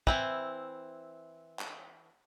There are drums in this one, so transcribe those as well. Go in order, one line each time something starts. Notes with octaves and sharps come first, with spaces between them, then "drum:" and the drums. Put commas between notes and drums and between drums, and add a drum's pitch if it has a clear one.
E3 C4 E4, drum: kick
drum: clap